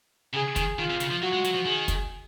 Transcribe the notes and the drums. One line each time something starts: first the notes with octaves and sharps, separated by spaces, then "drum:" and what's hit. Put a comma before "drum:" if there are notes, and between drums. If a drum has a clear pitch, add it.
C#3 G#4
D#3, drum: kick, hi-hat
D#3 F4
C3
C#3, drum: hi-hat
F3
F#3 F#4
G#3
F#3, drum: hi-hat
F3
D#3 G#4
drum: kick, hi-hat